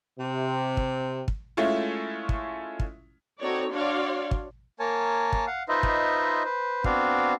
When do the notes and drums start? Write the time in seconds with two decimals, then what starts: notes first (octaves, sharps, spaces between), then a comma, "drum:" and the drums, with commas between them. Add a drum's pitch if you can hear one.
0.19 C3
0.77 drum: kick
1.28 drum: kick
1.57 G#3 A3 C#4 E4 F4
2.29 drum: kick
2.80 drum: kick
3.39 C4 D#4 F#4 A4 C#5 D5
3.73 D4 F#4 C#5 D5 F5 C6
4.31 drum: kick
4.80 A#3 A#4 C#5 G#5 A5
5.33 drum: kick
5.47 F5 F#5
5.69 D#4 F4 B4 C5 D#5 E5
5.83 drum: kick
6.45 B4 C5
6.84 B3 C4 D4 F#4 F5, drum: kick